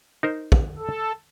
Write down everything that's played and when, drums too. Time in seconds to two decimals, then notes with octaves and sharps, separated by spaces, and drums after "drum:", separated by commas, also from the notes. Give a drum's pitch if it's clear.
0.23 D#4 A#4 C5
0.52 drum: kick
0.78 A4